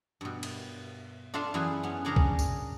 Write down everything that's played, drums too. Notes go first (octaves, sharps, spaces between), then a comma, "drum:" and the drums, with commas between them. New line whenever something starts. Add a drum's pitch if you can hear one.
G2 B2
drum: cymbal
D4 F4 A4 E5 A5 C6
F#2 E3 E4 G#4 B4
B3 C#4
C#3 C#4 D4 G#4 A#4 A#5
drum: kick
drum: tambourine